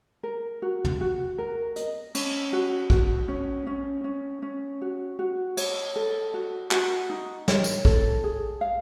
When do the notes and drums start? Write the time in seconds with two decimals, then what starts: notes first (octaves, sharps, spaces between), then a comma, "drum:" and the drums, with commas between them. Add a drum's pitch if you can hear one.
0.23 A#4
0.62 F#4
0.85 drum: tom
1.01 F#4
1.38 A#4
1.76 D#5, drum: hi-hat
2.15 C#4, drum: cymbal
2.53 F#4
2.90 F#4, drum: kick
3.28 C#4
3.67 C#4
4.04 C#4
4.42 C#4
4.81 F#4
5.19 F#4
5.57 C#5, drum: cymbal
5.96 A4
6.34 F#4
6.71 F#4, drum: clap
7.10 D#4
7.48 C#5, drum: snare
7.64 drum: tambourine
7.85 A4, drum: kick
8.24 G#4
8.61 F5